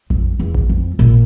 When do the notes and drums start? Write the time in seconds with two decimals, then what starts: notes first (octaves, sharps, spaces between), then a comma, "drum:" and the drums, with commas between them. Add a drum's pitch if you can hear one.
0.10 F2, drum: kick A1
0.39 E2
0.55 drum: kick A1
0.69 F2
0.99 A#2, drum: kick A1